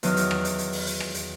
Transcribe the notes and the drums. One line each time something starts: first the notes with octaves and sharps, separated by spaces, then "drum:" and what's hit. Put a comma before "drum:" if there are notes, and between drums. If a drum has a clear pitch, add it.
E2 D#3 F#3 D#4 C#6 F6, drum: hi-hat
drum: hi-hat
drum: rim click
drum: hi-hat
drum: hi-hat
drum: open hi-hat
drum: hi-hat
drum: rim click
drum: hi-hat